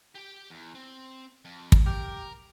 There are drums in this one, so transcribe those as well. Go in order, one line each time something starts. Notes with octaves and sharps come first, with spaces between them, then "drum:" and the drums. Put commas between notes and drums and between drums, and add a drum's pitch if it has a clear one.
G4 G5
E2
C4
F2
drum: kick
G4 A#4